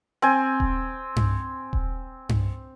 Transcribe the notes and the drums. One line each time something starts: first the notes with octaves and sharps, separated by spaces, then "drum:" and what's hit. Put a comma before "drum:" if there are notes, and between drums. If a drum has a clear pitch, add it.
C4 G#5
drum: kick D#1
drum: tom G2
drum: kick D#1
drum: tom G2